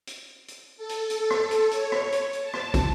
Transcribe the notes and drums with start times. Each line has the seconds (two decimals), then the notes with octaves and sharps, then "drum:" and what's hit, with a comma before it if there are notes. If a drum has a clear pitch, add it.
0.07 drum: hi-hat
0.48 drum: hi-hat
0.77 A4
0.89 drum: hi-hat
1.10 drum: hi-hat
1.30 drum: rim click
1.51 drum: hi-hat
1.71 C#5, drum: hi-hat
1.92 drum: rim click
2.12 drum: hi-hat
2.33 drum: hi-hat
2.42 A5
2.53 drum: rim click
2.74 drum: kick, hi-hat